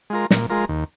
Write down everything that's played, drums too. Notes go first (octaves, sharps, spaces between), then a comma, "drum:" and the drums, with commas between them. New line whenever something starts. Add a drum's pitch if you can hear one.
G#3 F4 A#4
A#2, drum: snare
G#3 F4 A#4
D#2